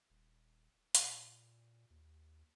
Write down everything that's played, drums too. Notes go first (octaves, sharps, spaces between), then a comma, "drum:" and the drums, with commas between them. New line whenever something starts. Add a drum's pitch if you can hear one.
D#1
A#2, drum: hi-hat
D#2